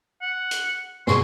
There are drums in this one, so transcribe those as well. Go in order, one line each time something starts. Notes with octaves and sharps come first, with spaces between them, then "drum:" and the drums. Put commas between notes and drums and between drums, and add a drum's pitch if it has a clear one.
F#5
drum: hi-hat
G2 B2 G#4 C6 C#6, drum: snare